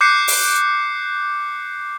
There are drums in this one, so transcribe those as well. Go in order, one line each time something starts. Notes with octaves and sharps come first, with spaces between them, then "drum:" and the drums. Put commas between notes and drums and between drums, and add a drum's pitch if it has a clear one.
D6 F#6 G6 C7 C#7
drum: open hi-hat